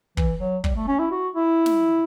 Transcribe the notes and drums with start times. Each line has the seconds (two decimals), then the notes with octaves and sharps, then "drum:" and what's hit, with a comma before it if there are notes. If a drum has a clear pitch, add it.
0.17 E3, drum: kick
0.40 F#3
0.64 G3, drum: kick
0.76 A3
0.88 C#4
0.99 E4
1.12 F#4
1.36 E4
1.66 drum: snare